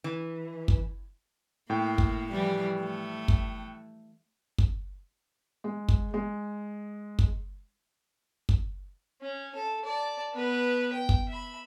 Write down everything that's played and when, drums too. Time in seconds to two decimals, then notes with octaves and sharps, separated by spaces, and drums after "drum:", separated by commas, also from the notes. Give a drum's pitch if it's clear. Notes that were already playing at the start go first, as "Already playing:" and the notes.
0.04 E3
0.68 drum: kick
1.70 A2 A#3 G5
1.98 drum: kick
2.31 E3 F3 G3
2.80 A3
3.28 drum: kick
4.58 drum: kick
5.64 G#3
5.89 drum: kick
6.14 G#3
7.19 drum: kick
8.49 drum: kick
9.21 C#4
9.55 A4
9.85 D5 A5
10.34 B3 B4
10.93 G5
11.09 drum: kick
11.29 E5 B5